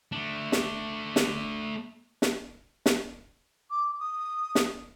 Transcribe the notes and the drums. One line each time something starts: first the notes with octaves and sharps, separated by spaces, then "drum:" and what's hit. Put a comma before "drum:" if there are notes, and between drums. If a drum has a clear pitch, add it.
A3 D4
drum: snare
drum: snare
drum: snare
drum: snare
D6
D#6
drum: snare